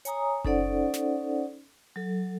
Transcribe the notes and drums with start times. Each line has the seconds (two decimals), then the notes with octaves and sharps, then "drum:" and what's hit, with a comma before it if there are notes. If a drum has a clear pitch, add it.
0.05 C#5 G#5 A#5 D#6, drum: hi-hat
0.44 C#4 D#4 A4 C5 D5 F#5, drum: kick F#1
0.94 drum: snare
1.96 F#3 A4